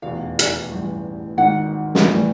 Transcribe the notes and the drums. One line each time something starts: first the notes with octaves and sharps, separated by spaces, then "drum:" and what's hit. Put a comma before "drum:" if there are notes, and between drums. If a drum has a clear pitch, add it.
F1 E2 B2 F5
drum: hi-hat
A1 G2 E3
G#1 G#2 D#3 F#5
drum: snare
A2 E3 G3